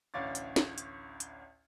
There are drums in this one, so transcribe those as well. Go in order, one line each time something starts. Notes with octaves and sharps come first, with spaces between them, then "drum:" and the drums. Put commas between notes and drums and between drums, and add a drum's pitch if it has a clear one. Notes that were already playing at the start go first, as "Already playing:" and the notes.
A1 D2 C#5 F5 D6 A6
drum: hi-hat
drum: snare
drum: hi-hat
drum: hi-hat